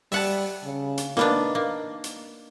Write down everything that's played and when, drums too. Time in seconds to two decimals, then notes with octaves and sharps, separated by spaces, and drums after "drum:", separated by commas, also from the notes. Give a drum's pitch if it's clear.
0.12 G3 E5 F#5 A5, drum: open hi-hat
0.64 C#3
0.97 drum: hi-hat
1.17 A#3 B3 D4 D#4, drum: snare
1.55 A#3
2.04 drum: hi-hat